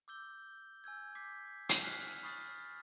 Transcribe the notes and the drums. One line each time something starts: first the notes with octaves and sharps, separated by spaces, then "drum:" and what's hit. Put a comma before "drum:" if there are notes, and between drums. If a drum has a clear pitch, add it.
D6 E6 G6 G7
G#5 E6 G6 G#6
D6 G6 B6 C7
drum: hi-hat
G#5 F6 F#6 B6 C7
B5 C#6 D#6 F6 F#6 A6